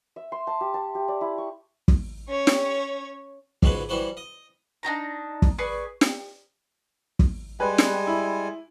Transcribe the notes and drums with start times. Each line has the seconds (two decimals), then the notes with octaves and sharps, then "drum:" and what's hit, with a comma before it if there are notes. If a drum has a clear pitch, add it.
0.16 E5
0.32 C6
0.47 A5
0.61 G4
0.74 A5
0.95 G4
1.08 D5
1.21 E4
1.38 C#6
1.88 drum: kick
2.28 C#4 C#5
2.47 drum: snare
3.62 C#2 G#2 G#3 F#4 G#4 B4, drum: kick
3.89 E3 G3 E4 F#4 C5
4.17 D#5
4.83 D4 D#4 G4 A#5
5.42 drum: kick
5.58 G#4 B4 D5 C#6
6.01 drum: snare
7.19 drum: kick
7.60 G3 G#3 B4 G#5
7.78 drum: snare
8.07 E4